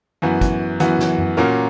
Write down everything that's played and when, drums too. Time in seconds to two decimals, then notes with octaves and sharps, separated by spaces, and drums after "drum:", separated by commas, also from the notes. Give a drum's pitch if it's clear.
0.22 F#2 E3 B3 F#4
0.41 drum: kick, hi-hat
0.80 F#2 E3 B3 F#4, drum: hi-hat
0.99 drum: snare
1.18 drum: tom F#2
1.37 A#2 A#3 C#4 F#4 A#4